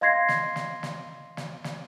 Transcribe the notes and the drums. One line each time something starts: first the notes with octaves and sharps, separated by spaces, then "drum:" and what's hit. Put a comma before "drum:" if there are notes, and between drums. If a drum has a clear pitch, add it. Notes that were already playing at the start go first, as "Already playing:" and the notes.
D#5 F5 C6 G#6 A#6 C7
drum: snare
drum: snare
drum: snare
drum: snare
drum: snare